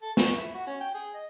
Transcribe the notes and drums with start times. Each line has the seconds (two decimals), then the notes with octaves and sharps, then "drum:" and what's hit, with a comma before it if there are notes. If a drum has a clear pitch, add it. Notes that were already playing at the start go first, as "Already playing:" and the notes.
0.02 A4
0.17 C#6, drum: snare
0.37 E4
0.55 F#4
0.67 C#4
0.81 G5
0.95 G#4
1.15 D#5